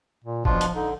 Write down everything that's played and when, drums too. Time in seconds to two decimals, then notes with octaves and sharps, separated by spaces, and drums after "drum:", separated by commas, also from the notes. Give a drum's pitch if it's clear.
0.24 A#2
0.45 B2 F3 D4 F4, drum: kick
0.61 drum: hi-hat
0.75 D3 D#4